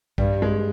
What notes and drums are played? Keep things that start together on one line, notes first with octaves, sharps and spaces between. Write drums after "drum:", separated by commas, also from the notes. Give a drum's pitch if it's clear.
G2 G3, drum: kick
G#3